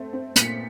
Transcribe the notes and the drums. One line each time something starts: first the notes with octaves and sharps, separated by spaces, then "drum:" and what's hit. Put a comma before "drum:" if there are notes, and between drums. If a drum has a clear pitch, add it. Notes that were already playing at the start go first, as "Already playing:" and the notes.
Already playing: A3 C4
C4
A#2 B6 C#7, drum: hi-hat